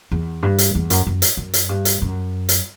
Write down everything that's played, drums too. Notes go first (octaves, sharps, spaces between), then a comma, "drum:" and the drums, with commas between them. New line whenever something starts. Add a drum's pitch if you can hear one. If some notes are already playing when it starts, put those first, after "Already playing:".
E2
G2
drum: hi-hat
E2
F#2, drum: hi-hat
F#2
drum: hi-hat
F#2
drum: hi-hat
G2
drum: hi-hat
F#2
drum: hi-hat